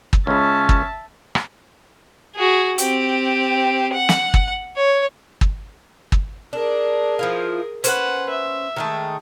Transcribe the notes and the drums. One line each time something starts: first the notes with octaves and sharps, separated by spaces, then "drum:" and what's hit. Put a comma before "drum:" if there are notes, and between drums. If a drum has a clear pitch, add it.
drum: kick
C#2 C#3 C#4 E5 A5
drum: kick
drum: rim click
F#4 G#4
C4 G4, drum: hi-hat
F#5
drum: snare
drum: kick
C#5
drum: kick
drum: kick
D4 G#4 A#4
F3 E4 F4
C#4 B4 C5 F#5, drum: hi-hat
E5
D#3 G#3 A3